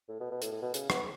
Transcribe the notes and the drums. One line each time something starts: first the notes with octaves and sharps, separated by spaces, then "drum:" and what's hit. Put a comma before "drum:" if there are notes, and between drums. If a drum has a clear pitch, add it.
A2
B2
B2
A2, drum: hi-hat
A2
B2
C#3, drum: hi-hat
B3, drum: rim click